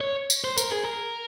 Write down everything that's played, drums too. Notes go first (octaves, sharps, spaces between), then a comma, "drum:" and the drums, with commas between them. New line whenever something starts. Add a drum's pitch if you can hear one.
C#5
drum: tambourine
C5
A#4, drum: tambourine
G#4
A#4